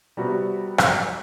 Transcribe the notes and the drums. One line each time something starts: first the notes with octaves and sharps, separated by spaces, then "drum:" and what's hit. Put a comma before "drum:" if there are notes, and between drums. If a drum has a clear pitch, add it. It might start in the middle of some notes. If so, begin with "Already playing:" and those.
C3 G3 B3 F#4
drum: rim click